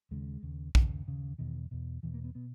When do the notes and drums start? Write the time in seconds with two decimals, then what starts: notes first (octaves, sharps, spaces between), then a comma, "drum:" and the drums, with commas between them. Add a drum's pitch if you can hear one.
0.11 D#2 C#3 G#3
0.43 D#2 C#3
0.75 D#2 C#3, drum: kick
1.07 D#2 C#3
1.38 E2 B2 D#3
1.71 E2 B2
2.03 E2 B2 E3
2.14 A#3
2.24 B3
2.35 B2 B3